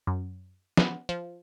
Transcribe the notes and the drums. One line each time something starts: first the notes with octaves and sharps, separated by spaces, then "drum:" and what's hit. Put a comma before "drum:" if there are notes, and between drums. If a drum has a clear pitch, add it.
F#2
B3, drum: snare
F3